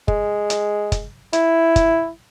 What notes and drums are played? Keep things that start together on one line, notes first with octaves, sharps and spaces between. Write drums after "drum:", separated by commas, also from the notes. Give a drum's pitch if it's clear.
G#3, drum: kick
drum: hi-hat
drum: kick, hi-hat
E4, drum: hi-hat
drum: kick, hi-hat